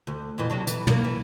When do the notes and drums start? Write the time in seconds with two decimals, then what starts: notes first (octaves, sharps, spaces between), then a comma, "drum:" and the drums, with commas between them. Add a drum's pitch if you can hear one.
0.07 D2
0.38 F2 A#2 E3
0.50 C3 F#3 D4
0.67 E3, drum: hi-hat
0.87 F#3 A#3, drum: tom
1.04 E3